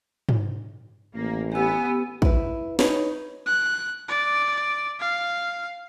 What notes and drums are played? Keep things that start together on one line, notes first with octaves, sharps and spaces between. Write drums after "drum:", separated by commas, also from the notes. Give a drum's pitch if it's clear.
drum: tom
A1 A#3
B3 G4 G#5 E6
E4 B4, drum: kick
D#4 B4 C#5, drum: snare
F#6
D5
F5